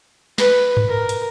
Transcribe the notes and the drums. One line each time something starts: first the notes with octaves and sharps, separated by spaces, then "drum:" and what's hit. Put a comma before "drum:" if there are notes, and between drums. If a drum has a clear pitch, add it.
B4, drum: snare
drum: tom G2
A#4
drum: hi-hat